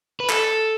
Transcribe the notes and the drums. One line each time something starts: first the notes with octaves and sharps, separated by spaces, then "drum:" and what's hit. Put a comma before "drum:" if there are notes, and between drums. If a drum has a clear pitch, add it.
B4
A4, drum: clap